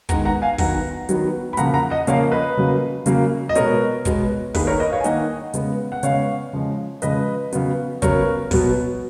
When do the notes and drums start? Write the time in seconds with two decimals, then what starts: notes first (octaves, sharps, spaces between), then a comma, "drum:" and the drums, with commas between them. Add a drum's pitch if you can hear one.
0.09 D#3 G#3 B3 F#5 A#5, drum: kick, hi-hat
0.25 F#5 A#5
0.42 F5 G#5
0.58 D#3 F#3 B3 F#5 A#5, drum: kick, open hi-hat
1.09 D#3 F#3 B3, drum: hi-hat
1.53 B5
1.57 C#3 F3 A#3 F#5 A#5, drum: hi-hat
1.74 F#5 A#5
1.90 D#5 F#5
2.07 C#3 F3 A#3 C#5 F5, drum: hi-hat
2.32 B4 D#5
2.57 C#3 F#3 A#3
3.06 C#3 F#3 A#3, drum: hi-hat
3.49 D#5
3.55 B2 G#3 B3 A#4 C#5, drum: hi-hat
4.05 B2 G#3 B3, drum: kick, hi-hat
4.54 D#3 A#3 G#4 B4, drum: kick, open hi-hat
4.67 A#4 C#5
4.80 B4 D#5
4.92 C#5 F5
5.00 G#5
5.04 D#3 A#3 D#5 F#5, drum: hi-hat
5.54 C#3 G#3 B3, drum: hi-hat
5.92 F#5
6.03 C#3 G#3 B3 C#5 F5, drum: hi-hat
6.53 C#3 F3 G#3
7.02 C#3 F3 G#3 B4 D#5, drum: hi-hat
7.53 C#3 F#3 B3, drum: hi-hat
8.02 C#3 F#3 B3 A#4 C#5, drum: kick, hi-hat
8.51 B2 F#3 B3, drum: kick, open hi-hat